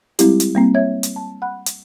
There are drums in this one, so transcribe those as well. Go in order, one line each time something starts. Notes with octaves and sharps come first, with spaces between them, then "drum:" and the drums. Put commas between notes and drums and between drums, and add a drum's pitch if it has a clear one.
G3 G#3 C4 E4 G4, drum: hi-hat
drum: hi-hat
G3 A#3 C4
C#5 E5 G#6
drum: hi-hat
A5
F#5 B5 F#6
drum: hi-hat